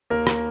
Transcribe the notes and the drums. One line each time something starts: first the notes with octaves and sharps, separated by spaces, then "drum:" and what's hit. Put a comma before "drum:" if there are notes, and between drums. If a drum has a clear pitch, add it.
D#2 A#3 A#4
drum: rim click